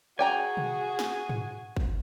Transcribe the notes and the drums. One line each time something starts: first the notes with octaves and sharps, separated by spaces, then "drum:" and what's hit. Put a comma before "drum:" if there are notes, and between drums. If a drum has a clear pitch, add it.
F#4 G#4 D5 G5 G#5 A#5
drum: tom
drum: snare
drum: tom
drum: kick